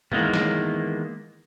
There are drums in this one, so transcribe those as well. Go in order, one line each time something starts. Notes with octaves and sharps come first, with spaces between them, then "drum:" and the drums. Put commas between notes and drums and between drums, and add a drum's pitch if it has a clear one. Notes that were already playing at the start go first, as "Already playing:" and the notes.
D#3 E3 G#3 A#3 B3, drum: tom
drum: snare